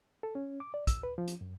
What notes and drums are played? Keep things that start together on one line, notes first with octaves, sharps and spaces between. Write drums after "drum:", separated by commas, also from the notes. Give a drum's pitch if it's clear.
A4
C#4
D6
D5
E6, drum: kick, hi-hat
B4
F3
drum: hi-hat
F#2